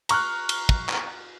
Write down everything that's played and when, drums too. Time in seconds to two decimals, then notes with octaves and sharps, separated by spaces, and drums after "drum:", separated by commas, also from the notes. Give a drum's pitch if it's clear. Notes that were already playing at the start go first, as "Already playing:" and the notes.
0.09 A#5 C#6 F6 F#6, drum: cymbal
0.49 drum: cymbal
0.69 drum: kick
0.89 drum: clap